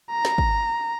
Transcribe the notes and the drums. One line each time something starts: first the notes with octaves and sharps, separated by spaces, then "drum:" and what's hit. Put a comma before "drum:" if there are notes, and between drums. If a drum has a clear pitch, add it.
A#5
drum: snare
drum: kick